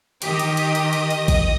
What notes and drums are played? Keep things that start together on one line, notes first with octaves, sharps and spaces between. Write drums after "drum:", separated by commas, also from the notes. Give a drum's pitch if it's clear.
D#3 G4 D#5 D#6, drum: cymbal
drum: cymbal
drum: cymbal
drum: cymbal
drum: cymbal
drum: cymbal
drum: kick A1, cymbal